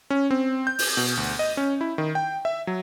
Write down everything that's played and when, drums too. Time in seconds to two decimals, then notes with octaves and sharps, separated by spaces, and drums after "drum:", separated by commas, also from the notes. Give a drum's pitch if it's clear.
0.10 C#4
0.31 C4
0.67 G6
0.79 drum: open hi-hat
0.97 B2
1.17 D2
1.39 D#5
1.57 C#4
1.81 E4
1.98 D#3
2.15 G5
2.45 E5
2.67 F#3